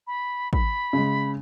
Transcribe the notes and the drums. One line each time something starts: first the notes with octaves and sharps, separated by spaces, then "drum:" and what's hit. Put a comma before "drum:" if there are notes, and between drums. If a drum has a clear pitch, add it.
B5
B5, drum: kick
C#3 G#3